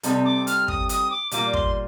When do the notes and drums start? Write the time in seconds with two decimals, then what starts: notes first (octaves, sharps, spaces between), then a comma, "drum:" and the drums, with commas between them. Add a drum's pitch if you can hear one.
0.03 C3 G3 C4 D#4 A4, drum: hi-hat
0.25 D6
0.47 F6, drum: hi-hat
0.68 D#6, drum: kick
0.89 D#6, drum: hi-hat
1.11 D6
1.31 A#2 G3 A#3 F4 D6, drum: hi-hat
1.53 C6, drum: kick